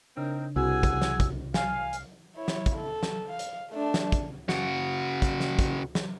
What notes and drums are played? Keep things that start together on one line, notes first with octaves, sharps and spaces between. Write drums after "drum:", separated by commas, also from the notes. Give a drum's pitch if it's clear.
C#3 C4 D4 D#4 A#4
C2 F#4 G#4 F#5 G#5 E6
drum: kick, hi-hat
drum: snare
drum: kick, hi-hat
F5 G#5, drum: snare
drum: hi-hat
E4 C#5
drum: snare
drum: kick, hi-hat
A4
drum: snare
F5
drum: hi-hat
A3 D4
drum: snare
drum: kick, hi-hat
C#3 F#4, drum: snare
drum: kick, hi-hat
drum: snare
drum: kick, hi-hat
drum: snare